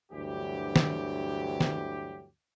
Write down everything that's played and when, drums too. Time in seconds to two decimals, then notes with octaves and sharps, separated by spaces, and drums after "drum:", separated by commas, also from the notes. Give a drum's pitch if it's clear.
0.12 D2 G2 E3 F#3 G4
0.76 drum: snare D#3
1.60 drum: snare D#3